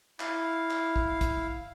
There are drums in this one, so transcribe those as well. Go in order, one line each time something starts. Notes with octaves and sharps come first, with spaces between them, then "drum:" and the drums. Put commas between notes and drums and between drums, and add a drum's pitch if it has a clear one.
E4 F5, drum: clap
drum: clap
drum: kick
drum: kick, hi-hat